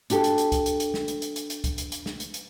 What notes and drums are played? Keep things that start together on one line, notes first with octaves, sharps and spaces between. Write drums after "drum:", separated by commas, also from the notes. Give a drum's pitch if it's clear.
D4 F#4 G4 A4, drum: hi-hat
drum: hi-hat
drum: hi-hat
drum: kick C2, hi-hat
drum: hi-hat
drum: hi-hat
drum: snare
drum: hi-hat
drum: hi-hat
drum: hi-hat
drum: hi-hat
drum: kick C2, hi-hat
drum: hi-hat
drum: hi-hat
drum: snare
drum: hi-hat
drum: hi-hat